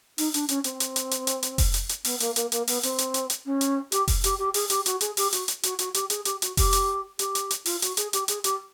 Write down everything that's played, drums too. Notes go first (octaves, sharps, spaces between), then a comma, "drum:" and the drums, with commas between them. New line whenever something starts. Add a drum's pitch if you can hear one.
D#4, drum: open hi-hat
D4, drum: hi-hat
C#4, drum: hi-hat
C4, drum: hi-hat
drum: hi-hat
drum: hi-hat
drum: hi-hat
drum: hi-hat
drum: hi-hat
drum: kick F1, open hi-hat
drum: hi-hat
drum: hi-hat
B3, drum: open hi-hat
A#3, drum: hi-hat
A#3, drum: hi-hat
A#3, drum: hi-hat
B3, drum: open hi-hat
C4, drum: hi-hat
drum: hi-hat
drum: hi-hat
drum: hi-hat
C#4
drum: hi-hat
G4, drum: hi-hat
drum: kick F1, open hi-hat
G4, drum: hi-hat
G4
G#4, drum: open hi-hat
G4, drum: hi-hat
F#4, drum: hi-hat
G#4, drum: hi-hat
G4, drum: open hi-hat
F#4, drum: hi-hat
drum: hi-hat
F#4, drum: hi-hat
F#4, drum: hi-hat
G4, drum: hi-hat
G#4, drum: hi-hat
G4, drum: hi-hat
F#4, drum: hi-hat
G4, drum: kick F1, open hi-hat
drum: hi-hat
G4, drum: hi-hat
drum: hi-hat
drum: hi-hat
F4, drum: open hi-hat
F#4, drum: hi-hat
G#4, drum: hi-hat
G4, drum: hi-hat
G#4, drum: hi-hat
G4, drum: hi-hat